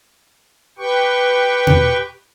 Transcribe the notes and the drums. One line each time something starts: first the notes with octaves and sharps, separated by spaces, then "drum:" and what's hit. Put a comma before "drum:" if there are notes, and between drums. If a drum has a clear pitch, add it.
G4 B4 G5 C#6
drum: tom B2